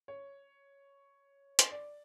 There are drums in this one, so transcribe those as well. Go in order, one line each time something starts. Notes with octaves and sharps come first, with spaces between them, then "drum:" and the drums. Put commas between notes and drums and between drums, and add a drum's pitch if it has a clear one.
C#5
drum: hi-hat
D5